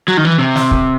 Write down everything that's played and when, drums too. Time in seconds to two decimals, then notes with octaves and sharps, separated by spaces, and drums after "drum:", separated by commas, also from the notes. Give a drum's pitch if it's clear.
0.08 F#3
0.17 D#3
0.25 E3
0.39 C3
0.56 drum: snare
0.71 drum: kick